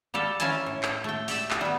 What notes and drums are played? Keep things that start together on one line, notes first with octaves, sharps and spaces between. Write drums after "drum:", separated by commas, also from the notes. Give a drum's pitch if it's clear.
G3 F4 G4 A4
A#3 C#4 E4 F4 G#5 A5, drum: hi-hat
A2
drum: clap
A3 G5
G4 D5 E5, drum: open hi-hat
drum: clap
G3 B3